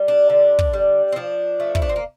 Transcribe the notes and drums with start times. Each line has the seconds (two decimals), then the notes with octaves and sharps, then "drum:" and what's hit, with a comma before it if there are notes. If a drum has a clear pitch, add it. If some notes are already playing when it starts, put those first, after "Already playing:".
Already playing: G3
0.08 D4
0.30 D3
0.59 drum: kick
0.73 G3
1.12 C4
1.16 F3 D4
1.60 A3
1.75 E4, drum: kick
1.82 D4
1.89 C4
1.96 A#3